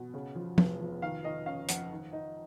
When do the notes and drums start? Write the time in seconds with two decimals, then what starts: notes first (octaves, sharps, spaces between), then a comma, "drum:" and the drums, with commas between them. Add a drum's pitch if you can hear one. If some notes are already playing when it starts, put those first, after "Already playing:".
Already playing: B2
0.14 C#3
0.35 F3
0.58 F1, drum: tom F3
0.80 F3
1.02 D#3 F5
1.24 D#3 D#5
1.46 C#4 F5
1.69 F2 F#5, drum: hi-hat
1.91 D#3
2.13 D#4